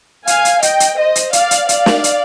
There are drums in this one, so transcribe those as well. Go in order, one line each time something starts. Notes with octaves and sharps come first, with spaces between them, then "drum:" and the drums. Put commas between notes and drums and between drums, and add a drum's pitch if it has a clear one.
F5 G#5, drum: hi-hat
drum: hi-hat
D#5 G5, drum: hi-hat
drum: hi-hat
C5 D#5
drum: hi-hat
D5 F5, drum: hi-hat
drum: hi-hat
D5 F5, drum: hi-hat
drum: snare
drum: hi-hat